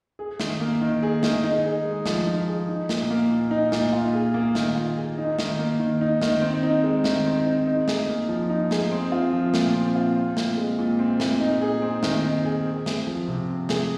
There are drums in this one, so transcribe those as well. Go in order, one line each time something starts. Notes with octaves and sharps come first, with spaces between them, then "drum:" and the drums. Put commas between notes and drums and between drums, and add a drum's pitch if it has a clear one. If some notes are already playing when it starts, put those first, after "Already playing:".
G#4
D#3, drum: snare
A#3
D#3
G#4
D#3, drum: snare
D#4
G#4
G#3
F3, drum: snare
D#4
G#4
D#4
A#2, drum: snare
A#3
A#2
D#4
A#2, drum: snare
F4
G#4
A#3
D#3, drum: snare
F4
G#4
D#4
D#3, drum: snare
A#3
D#3
D#4
D#3, drum: snare
C4
D#4
G#3
D#3, drum: snare
C4
D#4
D#4
G#4, drum: snare
A#3
F3
D#4
G#4, drum: snare
C4
F4
F3
A#2, drum: snare
C4
F4
C4
A#2, drum: snare
G#3
A#2
C4
A#2, drum: snare
D#4
G#4
C4
D#3, drum: snare
D#4
G#4
C4
G#4, drum: snare
F3
C3
C4
G#4, drum: snare